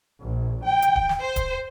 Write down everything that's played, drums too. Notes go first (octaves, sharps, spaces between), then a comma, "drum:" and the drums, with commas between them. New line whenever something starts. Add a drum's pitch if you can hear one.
A#1
G5
drum: hi-hat
drum: kick D1
drum: snare
C5
drum: kick D1, hi-hat